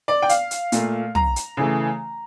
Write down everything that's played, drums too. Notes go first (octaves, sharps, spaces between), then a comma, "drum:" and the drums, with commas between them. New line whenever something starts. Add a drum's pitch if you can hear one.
D5
G5
F5, drum: hi-hat
drum: hi-hat
A#2 A3, drum: hi-hat
A#5, drum: tom
drum: hi-hat
C#3 E3 A3